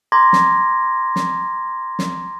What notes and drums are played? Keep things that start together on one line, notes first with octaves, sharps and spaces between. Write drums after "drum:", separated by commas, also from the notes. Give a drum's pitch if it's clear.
A#5 C6 D6 G#6 A#6
drum: snare
drum: snare
drum: snare